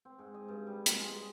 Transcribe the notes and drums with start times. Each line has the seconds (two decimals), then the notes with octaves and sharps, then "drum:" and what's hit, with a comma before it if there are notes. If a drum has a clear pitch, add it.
0.05 C4
0.18 G#2
0.34 D#5
0.48 G2
0.67 G3
0.86 A#5, drum: hi-hat
0.99 G#3
1.17 D#5